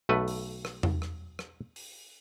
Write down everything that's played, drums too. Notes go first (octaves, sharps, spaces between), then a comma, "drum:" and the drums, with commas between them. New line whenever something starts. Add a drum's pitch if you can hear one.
B1 A3 B4
drum: open hi-hat
drum: rim click
drum: tom E2
drum: rim click
drum: rim click
drum: open hi-hat